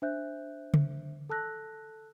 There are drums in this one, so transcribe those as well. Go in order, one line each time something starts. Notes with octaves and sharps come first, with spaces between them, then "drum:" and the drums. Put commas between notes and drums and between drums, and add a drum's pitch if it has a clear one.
D4 C5 E5 F#6 G6
drum: tom C#3
A4 A5 E6 F#6 A#6